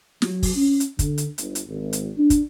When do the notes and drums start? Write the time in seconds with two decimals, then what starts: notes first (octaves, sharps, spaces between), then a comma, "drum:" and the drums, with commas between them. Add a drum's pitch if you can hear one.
0.22 F#3, drum: snare
0.43 drum: kick, open hi-hat
0.56 C#4
0.80 drum: hi-hat
0.99 D3, drum: kick, hi-hat
1.18 drum: hi-hat
1.38 G1, drum: hi-hat
1.55 drum: hi-hat
1.68 G#1
1.93 drum: hi-hat
2.17 D4
2.30 drum: kick, hi-hat